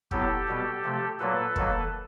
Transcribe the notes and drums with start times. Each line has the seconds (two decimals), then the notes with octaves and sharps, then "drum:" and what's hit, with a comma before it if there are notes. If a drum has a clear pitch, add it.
0.11 A2 F#3 B3 G4 A4, drum: kick
0.48 B2 G3 B3
0.84 C3 F3 A3
1.19 A#2 F#3 A#3 A4 B4
1.56 D#3 F#3 A#3, drum: kick